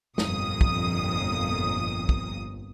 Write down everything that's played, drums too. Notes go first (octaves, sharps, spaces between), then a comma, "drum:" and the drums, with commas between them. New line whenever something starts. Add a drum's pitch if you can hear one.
G1 F2 A#2 D#6, drum: snare
drum: kick
drum: kick